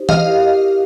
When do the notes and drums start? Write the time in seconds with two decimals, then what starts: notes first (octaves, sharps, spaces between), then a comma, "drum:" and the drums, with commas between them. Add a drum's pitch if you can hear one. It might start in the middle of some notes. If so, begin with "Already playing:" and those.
Already playing: D#4 G4 C5
0.09 D#5 F5, drum: tom
0.25 E4 G4 A#4